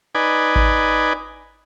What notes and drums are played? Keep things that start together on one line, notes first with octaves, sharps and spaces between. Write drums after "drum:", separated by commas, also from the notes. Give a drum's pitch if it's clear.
D#4 B4 D5 G#5
drum: kick G#1